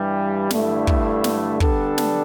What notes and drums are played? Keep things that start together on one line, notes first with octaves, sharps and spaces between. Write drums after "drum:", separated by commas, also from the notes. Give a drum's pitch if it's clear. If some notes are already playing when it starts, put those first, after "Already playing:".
Already playing: G2 E3 G3
G2 D3 A3 E4, drum: snare
drum: kick
drum: snare
D3 G3 B3 D4 A4, drum: kick
drum: snare